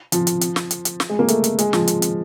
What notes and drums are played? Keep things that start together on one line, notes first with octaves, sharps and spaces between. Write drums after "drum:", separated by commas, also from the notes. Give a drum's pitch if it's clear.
F3, drum: hi-hat
drum: hi-hat
drum: hi-hat
drum: snare
drum: hi-hat
drum: hi-hat
drum: snare
G#3
A#3
A3, drum: hi-hat
drum: hi-hat
G#3, drum: hi-hat
F3, drum: snare
drum: hi-hat
drum: hi-hat